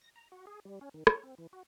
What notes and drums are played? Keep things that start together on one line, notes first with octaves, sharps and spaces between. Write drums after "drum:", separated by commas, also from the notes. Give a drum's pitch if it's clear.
A#6
A#5
F#4
G#4
G3
C#4
D#3
C#5, drum: rim click
C4
E3
F#4